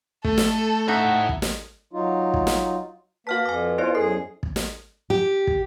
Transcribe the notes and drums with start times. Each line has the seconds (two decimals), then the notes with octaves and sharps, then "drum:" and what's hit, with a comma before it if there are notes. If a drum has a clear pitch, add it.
0.25 A3 A4, drum: kick
0.38 drum: snare
0.88 A2 D#4 F#4 E5
1.29 drum: kick
1.42 drum: snare
1.93 F#3 D#4 F4
2.34 drum: kick
2.47 drum: snare
3.27 A#3 F#4 B4 F5 F#5 A5 F6 B6
3.45 F2 G#5 D6
3.78 B3 E4 F4 C5 D5 D#5 G#5
3.95 F#2 G#4 A4 C6 C7
4.43 drum: kick
4.56 drum: snare
5.10 G4
5.47 drum: kick